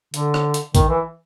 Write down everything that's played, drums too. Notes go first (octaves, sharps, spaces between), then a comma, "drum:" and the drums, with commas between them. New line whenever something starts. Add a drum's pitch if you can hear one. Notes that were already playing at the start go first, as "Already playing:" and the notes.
D3, drum: hi-hat
drum: rim click
drum: hi-hat
D#3, drum: kick A#1, hi-hat
E3